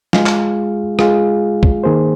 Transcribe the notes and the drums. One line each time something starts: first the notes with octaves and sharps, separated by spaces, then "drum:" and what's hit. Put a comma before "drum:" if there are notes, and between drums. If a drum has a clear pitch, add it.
G#3 F4 G#4 F5, drum: snare
drum: clap
G#3 F4 G#4 F5, drum: rim click
drum: kick
D#3 A#3 G#4 C5